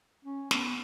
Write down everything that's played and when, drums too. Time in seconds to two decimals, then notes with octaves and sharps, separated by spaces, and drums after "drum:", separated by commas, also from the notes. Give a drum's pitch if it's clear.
0.25 C#4
0.51 B3, drum: snare